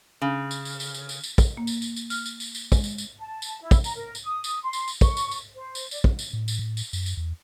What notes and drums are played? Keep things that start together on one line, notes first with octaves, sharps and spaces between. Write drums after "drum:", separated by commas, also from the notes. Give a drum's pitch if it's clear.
C#3
drum: tambourine
drum: tambourine
drum: tambourine
drum: tambourine
drum: tambourine
drum: tambourine
drum: kick, tambourine
A#3
drum: tambourine
drum: tambourine
drum: tambourine
F6, drum: tambourine
drum: tambourine
drum: tambourine
drum: tambourine
G#3, drum: kick, tambourine
drum: tambourine
drum: tambourine
A5
drum: tambourine
E4
drum: kick, tambourine
A#5, drum: tambourine
A#4
drum: tambourine
D#6
drum: tambourine
C6
drum: tambourine
drum: tambourine
C#6, drum: kick, tambourine
drum: tambourine
drum: tambourine
C5
drum: tambourine
D5, drum: tambourine
drum: kick
drum: tambourine
A2
drum: tambourine
A2
drum: tambourine
F#2, drum: tambourine
drum: tambourine
E2